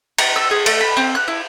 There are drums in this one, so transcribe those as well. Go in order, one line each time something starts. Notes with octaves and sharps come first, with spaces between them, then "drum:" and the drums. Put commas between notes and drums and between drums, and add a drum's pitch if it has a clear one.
A#5, drum: cymbal
E6
G#4
A3, drum: cymbal
B5
C4
F#6
E4